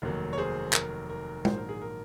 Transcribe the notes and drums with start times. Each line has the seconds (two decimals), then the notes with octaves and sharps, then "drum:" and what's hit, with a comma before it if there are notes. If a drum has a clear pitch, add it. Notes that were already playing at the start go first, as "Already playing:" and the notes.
0.02 F1 D#2 D#3 F#3
0.33 C#5
0.38 G#4 C5
0.73 A#4, drum: clap
1.10 A#4
1.45 A#1 G#2 D#3 F#3 C5, drum: tom
1.58 A#4
1.69 G#4
1.82 A#4